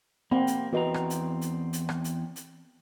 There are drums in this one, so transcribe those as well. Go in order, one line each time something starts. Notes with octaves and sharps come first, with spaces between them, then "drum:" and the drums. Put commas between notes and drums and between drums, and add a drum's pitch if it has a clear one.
A#3 C4 F#5 B5
drum: hi-hat
E2 C4 F#4 B4 D#5 A#5
drum: rim click
drum: hi-hat
drum: hi-hat
drum: hi-hat
drum: rim click
drum: hi-hat
drum: hi-hat